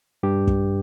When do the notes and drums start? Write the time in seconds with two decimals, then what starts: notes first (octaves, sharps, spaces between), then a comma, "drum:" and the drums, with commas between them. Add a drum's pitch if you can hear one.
0.23 G2 G4
0.47 drum: kick